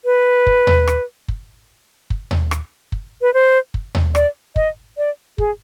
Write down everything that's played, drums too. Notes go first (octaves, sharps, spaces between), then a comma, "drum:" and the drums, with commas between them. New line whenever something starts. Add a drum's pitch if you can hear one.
B4
drum: kick
drum: tom D#2
drum: rim click
drum: kick
drum: kick
drum: tom D#2
drum: rim click
drum: kick
B4
C5
drum: kick
drum: tom D#2
D5, drum: rim click
D#5, drum: kick
D5
G#4, drum: kick